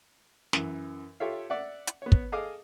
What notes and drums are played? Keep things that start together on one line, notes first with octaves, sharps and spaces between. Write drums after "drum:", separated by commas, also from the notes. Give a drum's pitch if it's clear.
F#2 E3, drum: snare
F4 G4 A4 C#5 E5 F5
D5 E5 F#5
drum: hi-hat
B3 C#5
drum: kick
G#4 A4 D#5 F5 D6 D#6